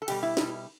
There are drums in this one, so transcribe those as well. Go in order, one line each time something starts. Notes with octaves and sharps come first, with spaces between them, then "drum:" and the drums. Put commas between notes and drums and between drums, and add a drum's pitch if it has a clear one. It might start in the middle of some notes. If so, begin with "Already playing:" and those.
A4
B2 G3 G4, drum: cymbal
E4
B2 G3, drum: snare